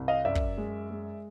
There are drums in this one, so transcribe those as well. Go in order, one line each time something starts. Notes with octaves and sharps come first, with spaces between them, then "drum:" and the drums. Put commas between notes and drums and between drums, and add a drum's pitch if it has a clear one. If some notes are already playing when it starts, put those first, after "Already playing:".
Already playing: C2
D#5 F5
F#2 D5 E5
drum: kick
G#3
G#3